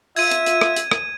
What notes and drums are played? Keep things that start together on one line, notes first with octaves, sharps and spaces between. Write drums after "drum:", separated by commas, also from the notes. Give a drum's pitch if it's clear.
F4 E5 G#6 D#7, drum: open hi-hat
drum: hi-hat
drum: hi-hat
drum: rim click
drum: hi-hat
drum: rim click